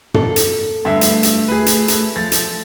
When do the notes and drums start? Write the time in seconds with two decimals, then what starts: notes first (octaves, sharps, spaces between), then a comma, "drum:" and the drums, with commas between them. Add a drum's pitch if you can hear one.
0.14 A#3 A4, drum: tom
0.36 drum: hi-hat
0.85 G2 D3 A3 E5
1.01 drum: hi-hat
1.23 drum: hi-hat
1.48 G#4 B4
1.66 drum: hi-hat
1.88 drum: hi-hat
2.16 F3 A6
2.32 drum: hi-hat